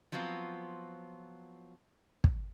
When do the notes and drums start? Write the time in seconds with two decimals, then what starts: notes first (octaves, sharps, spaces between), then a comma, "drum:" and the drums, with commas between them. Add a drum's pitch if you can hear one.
0.12 F3 F#3 B3 C4 F4
2.24 drum: kick